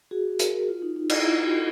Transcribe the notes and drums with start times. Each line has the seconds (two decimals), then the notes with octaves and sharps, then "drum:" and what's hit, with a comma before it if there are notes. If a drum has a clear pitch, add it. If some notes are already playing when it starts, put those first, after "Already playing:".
0.11 F#4 G#4
0.39 G#4 A#4, drum: hi-hat
0.68 F4
0.82 D#4
0.96 D#4
1.09 E4, drum: cymbal
1.20 E4
1.25 F4
1.42 E4 F#4
1.54 A4